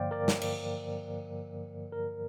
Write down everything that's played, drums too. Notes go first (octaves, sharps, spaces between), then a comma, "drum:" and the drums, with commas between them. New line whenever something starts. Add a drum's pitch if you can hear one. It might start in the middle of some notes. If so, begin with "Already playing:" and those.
Already playing: G2 D3 F3 A#3 C5 D5 F5 G5
A#4 D5
drum: snare
drum: cymbal
A#4